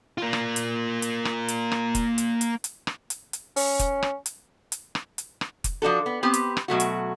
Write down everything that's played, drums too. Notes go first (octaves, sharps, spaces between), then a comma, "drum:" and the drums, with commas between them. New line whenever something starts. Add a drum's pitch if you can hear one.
A#3 F4
drum: rim click
drum: hi-hat
drum: hi-hat
drum: rim click
drum: hi-hat
drum: rim click
drum: kick F1, hi-hat
drum: hi-hat
drum: hi-hat
drum: hi-hat
drum: rim click
drum: hi-hat
drum: hi-hat
C#4, drum: open hi-hat
drum: kick F1, hi-hat
drum: rim click
drum: hi-hat
drum: hi-hat
drum: rim click
drum: hi-hat
drum: rim click
drum: kick F1, hi-hat
F3 D4 F#4 A4
B3
B3 C4 G4 B4
drum: hi-hat
drum: rim click
B2 F#3 A3 F#4
drum: hi-hat